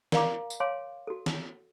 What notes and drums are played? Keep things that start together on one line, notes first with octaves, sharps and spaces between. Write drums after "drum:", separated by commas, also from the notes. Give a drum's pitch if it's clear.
A#4 D5 F5 A#5 D6, drum: snare
drum: tambourine
C#5 F5 G#5 C6 D6
F#4 A4
drum: snare